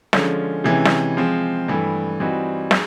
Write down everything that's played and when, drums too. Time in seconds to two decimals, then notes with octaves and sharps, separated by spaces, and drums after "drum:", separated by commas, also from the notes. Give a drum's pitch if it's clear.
0.13 D3 F3 G#3 C#4, drum: snare
0.64 C3 E3 G#3 C#4 E4
0.85 drum: snare
1.17 F3 G#3 C4
1.68 G2 E3 A3
2.20 E3 G3 C4 D#4 F#4
2.71 G#3, drum: snare